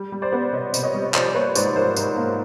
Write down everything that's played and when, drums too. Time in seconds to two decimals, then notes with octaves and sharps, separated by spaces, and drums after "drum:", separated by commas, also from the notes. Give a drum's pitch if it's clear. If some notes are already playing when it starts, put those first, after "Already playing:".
Already playing: G3
0.12 G3
0.22 C5 D5
0.32 B3
0.53 C3 C#5 D#5
0.74 C3, drum: tambourine
0.83 C#5 D#5
0.94 G3
1.14 F3 C5 D5, drum: clap
1.26 D5
1.34 A#3 B4 C#5
1.55 G#2 C5 D5, drum: tambourine
1.76 F3 A#4 C5
1.97 G#2, drum: tambourine
2.16 A#3